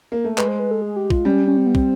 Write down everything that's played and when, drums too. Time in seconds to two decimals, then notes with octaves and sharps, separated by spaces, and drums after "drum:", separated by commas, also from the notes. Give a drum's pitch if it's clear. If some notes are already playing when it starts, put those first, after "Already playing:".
0.12 A#3
0.24 A3
0.38 G#3 B4, drum: clap
0.48 C5
0.60 B4
0.71 A4
0.82 G#4
0.96 G4
1.10 F4, drum: kick
1.25 G3 C#4
1.48 C#4
1.57 C4
1.66 B3
1.75 C4, drum: kick